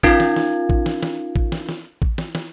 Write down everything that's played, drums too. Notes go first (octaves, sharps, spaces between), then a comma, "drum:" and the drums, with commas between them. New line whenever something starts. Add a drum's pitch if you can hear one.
C#4 D#4 F4 A#4 F5 G#6, drum: kick A1
drum: snare
drum: snare
drum: kick A1
drum: snare
drum: snare
drum: kick A1
drum: snare
drum: snare
drum: kick A1
drum: snare
drum: snare